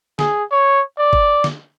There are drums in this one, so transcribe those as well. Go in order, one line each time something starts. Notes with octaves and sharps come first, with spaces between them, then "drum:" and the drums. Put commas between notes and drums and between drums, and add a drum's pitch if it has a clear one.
G#4, drum: snare
C#5
D5
drum: kick G1
drum: snare